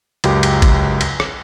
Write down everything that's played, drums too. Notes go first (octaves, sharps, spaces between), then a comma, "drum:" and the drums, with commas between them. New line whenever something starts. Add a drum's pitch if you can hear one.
C#2 F#2 G4, drum: cymbal
drum: cymbal
drum: kick G#1, cymbal
drum: cymbal
drum: rim click